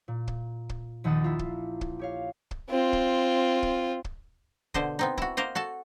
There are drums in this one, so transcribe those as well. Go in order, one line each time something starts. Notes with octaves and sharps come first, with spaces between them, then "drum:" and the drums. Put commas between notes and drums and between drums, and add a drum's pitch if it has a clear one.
A#2
drum: kick
drum: kick
A#1 D#2 D#3 F#5 D#6 A6
E4 F4
drum: kick
drum: kick
G4 C#5 F5
drum: kick
C4 F4
drum: kick
drum: kick
drum: kick
B2 D3 C5 D#5, drum: kick
B3 C4 D#4
E4 F#4, drum: kick
A#3 A#4 C5 D#5
F#4 A4 A5